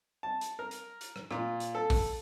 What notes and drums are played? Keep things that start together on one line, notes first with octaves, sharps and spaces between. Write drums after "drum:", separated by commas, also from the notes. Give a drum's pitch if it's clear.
A5
drum: hi-hat
A#4
drum: hi-hat
drum: hi-hat
drum: rim click
A#2, drum: rim click
drum: hi-hat
A4
drum: kick, open hi-hat